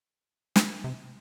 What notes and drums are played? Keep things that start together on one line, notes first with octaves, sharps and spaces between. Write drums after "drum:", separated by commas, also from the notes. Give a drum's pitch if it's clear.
drum: snare
C3